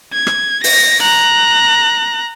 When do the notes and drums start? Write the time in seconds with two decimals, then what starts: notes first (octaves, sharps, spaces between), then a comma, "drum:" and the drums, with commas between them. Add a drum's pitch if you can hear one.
0.13 G#6
0.27 drum: rim click
0.64 A#6, drum: open hi-hat
1.02 A#5 F#6